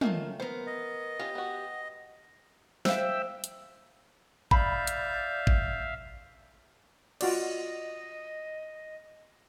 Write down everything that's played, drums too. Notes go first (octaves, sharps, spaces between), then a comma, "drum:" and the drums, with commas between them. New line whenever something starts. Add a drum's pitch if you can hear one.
D#3 A3 A#3 C#4 F4 A5, drum: tom
B3 A#4 C5
D#5
B3 C#4 F4 G4
B3 F#4
C5 E5 F5 G5 E6, drum: snare
drum: hi-hat
D5 E5 F5 B5 G6, drum: kick G#1
drum: hi-hat
drum: kick G#1
F4 F#4 D5 D#5, drum: cymbal